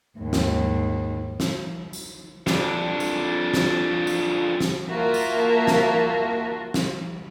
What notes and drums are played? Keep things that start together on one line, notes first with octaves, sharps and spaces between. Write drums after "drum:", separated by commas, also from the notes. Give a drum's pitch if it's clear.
D#2 G#2
drum: snare
drum: snare
drum: tambourine
F2 D4, drum: snare
drum: tambourine
drum: snare
drum: tambourine
drum: snare
A#3 F4 F#4 E5 A5
drum: tambourine
drum: snare
drum: snare